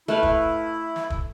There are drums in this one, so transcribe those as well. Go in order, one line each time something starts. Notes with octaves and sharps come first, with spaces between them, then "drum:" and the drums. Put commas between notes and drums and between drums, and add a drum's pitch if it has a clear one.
A3 E4 B4 F5
drum: kick
drum: snare
drum: kick